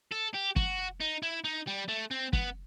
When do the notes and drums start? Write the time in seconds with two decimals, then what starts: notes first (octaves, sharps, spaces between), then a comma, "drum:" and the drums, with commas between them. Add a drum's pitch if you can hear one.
0.12 A4
0.35 G4
0.56 F#4, drum: kick
1.01 D#4
1.23 E4
1.44 D#4
1.67 G3
1.89 A3
2.11 C4
2.33 B3, drum: kick